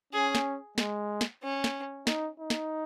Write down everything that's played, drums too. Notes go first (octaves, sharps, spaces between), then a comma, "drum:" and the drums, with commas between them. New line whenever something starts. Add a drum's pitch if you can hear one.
C#4 G#4
drum: snare
G#3, drum: snare
drum: snare
C#4
drum: snare
D#4, drum: snare
D#4
drum: snare